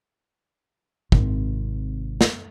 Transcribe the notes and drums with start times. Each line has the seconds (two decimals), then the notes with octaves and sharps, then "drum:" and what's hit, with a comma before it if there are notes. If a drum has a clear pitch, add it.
1.12 G#1 C3, drum: kick
2.21 drum: snare